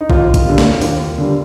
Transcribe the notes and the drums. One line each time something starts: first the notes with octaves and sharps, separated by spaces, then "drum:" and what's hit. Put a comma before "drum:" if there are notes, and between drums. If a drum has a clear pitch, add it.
D#4
D#2 F4, drum: kick A#1
drum: kick A#1, hi-hat
D3 G3
drum: snare
D#2, drum: open hi-hat
D3 G3